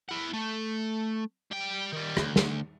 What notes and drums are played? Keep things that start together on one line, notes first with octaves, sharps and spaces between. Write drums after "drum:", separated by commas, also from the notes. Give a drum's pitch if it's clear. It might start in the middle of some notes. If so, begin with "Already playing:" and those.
E4 F#5
A3
G3 G5
D#3 G3
D2, drum: rim click
drum: snare